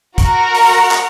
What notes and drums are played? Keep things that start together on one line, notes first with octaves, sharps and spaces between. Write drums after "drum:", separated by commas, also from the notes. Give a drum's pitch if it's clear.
F#4 A#4, drum: kick, hi-hat
drum: open hi-hat
drum: clap